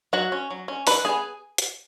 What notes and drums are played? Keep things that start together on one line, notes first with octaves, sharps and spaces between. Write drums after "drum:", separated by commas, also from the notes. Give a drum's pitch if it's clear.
F#3 F#4 F#5
C#4
F#3
C#4
E3 B4 B5, drum: open hi-hat
B3 G#4 G#5
drum: hi-hat